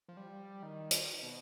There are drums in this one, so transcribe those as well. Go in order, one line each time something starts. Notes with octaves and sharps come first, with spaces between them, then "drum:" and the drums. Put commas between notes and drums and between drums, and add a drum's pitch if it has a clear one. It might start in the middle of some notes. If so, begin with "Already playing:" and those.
F3
G3
D#3
drum: hi-hat
B2